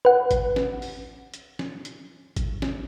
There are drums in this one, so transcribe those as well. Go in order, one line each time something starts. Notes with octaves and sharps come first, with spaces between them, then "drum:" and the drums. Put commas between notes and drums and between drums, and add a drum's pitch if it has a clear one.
B4 F#5
drum: kick, hi-hat
drum: snare
drum: open hi-hat
drum: hi-hat
drum: snare
drum: hi-hat
drum: kick, hi-hat
drum: snare